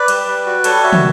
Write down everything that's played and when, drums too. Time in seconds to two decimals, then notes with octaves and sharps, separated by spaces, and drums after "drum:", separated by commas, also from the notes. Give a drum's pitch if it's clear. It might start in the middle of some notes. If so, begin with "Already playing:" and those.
Already playing: B4 D5
0.08 G3, drum: cymbal
0.27 G3
0.46 F#4
0.64 G3 A4 C#5, drum: cymbal
0.83 F#4 C#5 E5
0.93 drum: tom